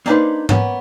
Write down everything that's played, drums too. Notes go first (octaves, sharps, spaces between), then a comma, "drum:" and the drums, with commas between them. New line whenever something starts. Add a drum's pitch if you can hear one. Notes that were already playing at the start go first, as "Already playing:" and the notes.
A#3 D4 D#4 G4 B4 C5
A#3 B3 C#4, drum: tom G#2